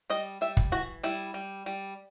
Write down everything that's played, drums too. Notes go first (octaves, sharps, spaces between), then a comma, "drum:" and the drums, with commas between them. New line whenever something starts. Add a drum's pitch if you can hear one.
G3 D#5
G3 E5
drum: kick
E3 F#4
G3 E4
G3
G3